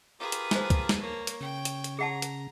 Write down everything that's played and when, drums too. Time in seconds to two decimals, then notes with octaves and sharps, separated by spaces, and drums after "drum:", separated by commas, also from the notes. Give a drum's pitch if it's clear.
0.20 F4 G4 G#4 A#4 B4
0.32 drum: hi-hat
0.51 C5 G#5 A5, drum: snare
0.70 drum: kick, hi-hat
0.89 drum: snare
1.01 A#3 C#5
1.27 drum: hi-hat
1.41 C#3 G5
1.65 drum: hi-hat
1.84 drum: hi-hat
1.99 G#4 F#5 A5 A#5
2.22 drum: hi-hat